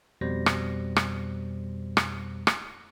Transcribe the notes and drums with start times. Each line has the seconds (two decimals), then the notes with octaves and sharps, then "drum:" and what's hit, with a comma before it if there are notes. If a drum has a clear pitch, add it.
0.21 F2 B2 G3 C5 A#6
0.46 drum: rim click
0.96 drum: rim click
1.97 drum: rim click
2.47 drum: rim click